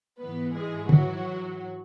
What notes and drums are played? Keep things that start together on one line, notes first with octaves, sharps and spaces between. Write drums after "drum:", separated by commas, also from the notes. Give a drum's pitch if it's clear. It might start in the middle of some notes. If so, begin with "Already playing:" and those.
G#2 E3 B3 B4
G#3 G#4
F#3 F#4, drum: tom